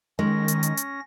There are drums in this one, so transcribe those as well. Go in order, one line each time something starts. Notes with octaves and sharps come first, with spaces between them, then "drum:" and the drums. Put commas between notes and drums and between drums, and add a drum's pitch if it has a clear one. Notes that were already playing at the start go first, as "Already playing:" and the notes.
D#3 G#3 C#4 A#6
drum: hi-hat
drum: hi-hat
drum: hi-hat